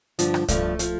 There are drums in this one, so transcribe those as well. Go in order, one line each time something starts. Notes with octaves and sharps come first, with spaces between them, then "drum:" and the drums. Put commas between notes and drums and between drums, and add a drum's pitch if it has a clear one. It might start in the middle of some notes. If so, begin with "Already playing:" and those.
G2 D3 F3, drum: hi-hat
drum: rim click
G2 F3 A3, drum: kick C2, hi-hat
F3, drum: hi-hat